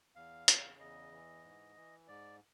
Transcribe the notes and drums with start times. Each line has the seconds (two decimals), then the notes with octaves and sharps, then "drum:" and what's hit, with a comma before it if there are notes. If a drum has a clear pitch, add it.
0.15 E2 F5
0.48 C#3, drum: hi-hat
0.79 E2 D#5
1.12 E3
1.44 G#2
1.76 E3
2.08 G#2 D5